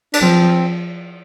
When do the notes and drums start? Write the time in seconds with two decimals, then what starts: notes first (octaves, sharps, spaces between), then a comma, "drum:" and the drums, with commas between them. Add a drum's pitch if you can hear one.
0.13 D4, drum: cymbal
0.21 F3 C4